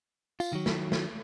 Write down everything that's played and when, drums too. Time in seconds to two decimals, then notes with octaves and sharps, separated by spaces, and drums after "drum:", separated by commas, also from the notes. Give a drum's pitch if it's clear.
0.40 F4, drum: tambourine
0.53 D#3 F#3
0.66 drum: snare
0.92 drum: snare